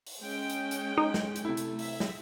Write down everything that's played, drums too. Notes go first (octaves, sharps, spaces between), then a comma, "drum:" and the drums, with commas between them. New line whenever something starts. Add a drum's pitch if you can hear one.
drum: open hi-hat
G#3 C#4 G5
drum: hi-hat
drum: hi-hat
D#4
drum: snare
drum: hi-hat
C3 A3 E4
drum: hi-hat
E5, drum: open hi-hat
drum: snare